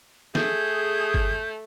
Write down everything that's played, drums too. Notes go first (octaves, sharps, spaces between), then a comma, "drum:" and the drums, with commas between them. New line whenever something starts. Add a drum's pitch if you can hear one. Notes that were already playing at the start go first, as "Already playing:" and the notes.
A3 G#4 G6, drum: snare
drum: kick G1